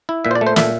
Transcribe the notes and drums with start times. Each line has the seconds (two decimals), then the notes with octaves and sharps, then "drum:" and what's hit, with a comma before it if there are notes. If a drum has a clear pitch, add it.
0.09 E4
0.25 A#2 E5
0.31 C5
0.35 D5
0.41 A3
0.47 C5
0.56 A#2 E5, drum: snare